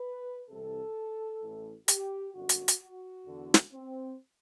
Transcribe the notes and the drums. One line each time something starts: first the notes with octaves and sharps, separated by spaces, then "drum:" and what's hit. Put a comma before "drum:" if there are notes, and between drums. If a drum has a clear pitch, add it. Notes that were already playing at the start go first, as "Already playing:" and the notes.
Already playing: B4
C2 C3 E3 A4
A1 A2 E3
G4, drum: hi-hat
G1 F#2 D3 F#4
drum: hi-hat
drum: hi-hat
F#4
E2 D3
drum: snare
C4